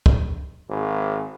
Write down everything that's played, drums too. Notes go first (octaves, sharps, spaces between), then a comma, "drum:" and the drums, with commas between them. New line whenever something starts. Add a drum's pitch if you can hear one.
drum: kick
G#1